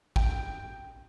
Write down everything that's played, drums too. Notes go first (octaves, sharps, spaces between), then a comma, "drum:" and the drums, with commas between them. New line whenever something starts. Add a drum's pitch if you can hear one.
G5, drum: kick